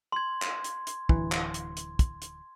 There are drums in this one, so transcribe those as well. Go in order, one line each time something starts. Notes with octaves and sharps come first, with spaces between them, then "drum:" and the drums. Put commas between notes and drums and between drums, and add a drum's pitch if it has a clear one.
C6 G#6
drum: clap
drum: hi-hat
drum: hi-hat
D1 E3, drum: kick
drum: clap
drum: hi-hat
drum: hi-hat
drum: kick, hi-hat
drum: hi-hat